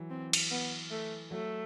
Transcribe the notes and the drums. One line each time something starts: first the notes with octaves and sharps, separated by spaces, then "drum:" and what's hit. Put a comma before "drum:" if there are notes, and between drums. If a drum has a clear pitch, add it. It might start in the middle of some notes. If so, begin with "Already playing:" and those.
Already playing: E3 F#3
C4
drum: cymbal
B3
A3
F#3 A3